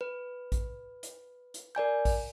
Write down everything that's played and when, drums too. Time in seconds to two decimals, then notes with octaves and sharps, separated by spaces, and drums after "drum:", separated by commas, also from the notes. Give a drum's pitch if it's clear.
0.01 B4
0.52 drum: kick, hi-hat
1.03 drum: hi-hat
1.54 drum: hi-hat
1.75 A#4 D5 G#5 G6
2.05 drum: kick, open hi-hat